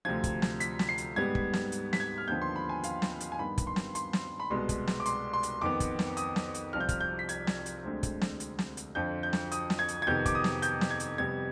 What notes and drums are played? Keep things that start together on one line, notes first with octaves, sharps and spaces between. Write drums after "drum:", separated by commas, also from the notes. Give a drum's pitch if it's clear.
D2 C3 F3 G#6
drum: kick, hi-hat
drum: snare
B6, drum: hi-hat
drum: snare
C7
drum: hi-hat
G#2 G3 B3 G#6
drum: kick
drum: snare
drum: hi-hat
B6, drum: snare
G#6
F6
D#2 D3 F3 B3 G6
C6
B5
G#5
F5, drum: hi-hat
drum: snare
drum: hi-hat
G#5
G2 D#3 B3 B5
drum: kick, hi-hat
C6
drum: snare
C6, drum: hi-hat
drum: snare
B5
C2 B2 G#3 B3 C6
drum: kick, hi-hat
drum: snare
D6
C6, drum: hi-hat
C6
drum: hi-hat
F2 D#3 B3 D6
drum: kick, hi-hat
drum: snare
D#6, drum: hi-hat
drum: snare
drum: hi-hat
C2 C3 F3 F6
G6
F6, drum: kick, hi-hat
G6
B6
G#6, drum: hi-hat
drum: snare
drum: hi-hat
D2 D3 G#3 C4
drum: kick, hi-hat
drum: snare
drum: hi-hat
drum: snare
drum: hi-hat
F2 D3 F3 G6
G6
drum: snare
D#6, drum: hi-hat
drum: snare
G#6
drum: hi-hat
G#6
F2 C3 D#3 B3 G6
D6, drum: kick, hi-hat
D#6
drum: snare
G6, drum: hi-hat
drum: snare
G#6
drum: hi-hat
F2 C3 G3 B3 G#6